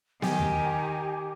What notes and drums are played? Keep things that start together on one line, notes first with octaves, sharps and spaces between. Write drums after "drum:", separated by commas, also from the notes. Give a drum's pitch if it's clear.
D#3 G4 G#5, drum: snare B3
drum: tom D#2